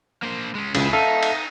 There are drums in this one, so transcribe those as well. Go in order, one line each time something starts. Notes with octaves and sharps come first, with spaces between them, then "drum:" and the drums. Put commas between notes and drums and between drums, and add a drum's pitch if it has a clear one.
A#3 C5
G#3 C#4
C#2 C#3 E4 G#4, drum: cymbal
D#4 A4 E5 F5
drum: cymbal